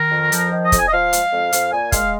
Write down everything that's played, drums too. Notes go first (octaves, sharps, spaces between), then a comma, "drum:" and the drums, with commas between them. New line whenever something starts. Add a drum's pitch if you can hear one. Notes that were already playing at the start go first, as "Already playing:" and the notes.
Already playing: D#3 A#4
F2
F3, drum: hi-hat
D#3
D#5
F2, drum: kick, hi-hat
G#5
D#5
F3 F5
G#3, drum: hi-hat
F2
F2, drum: hi-hat
A#2 G#5
G#3 F5, drum: kick, hi-hat